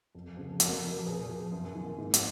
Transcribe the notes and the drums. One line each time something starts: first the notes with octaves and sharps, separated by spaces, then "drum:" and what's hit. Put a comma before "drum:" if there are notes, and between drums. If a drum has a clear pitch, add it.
F2
C#3 F3
F2 F#4 A#4, drum: hi-hat
F3
A#2 G#4 B4
F3
F#2
D#3
G#2
drum: hi-hat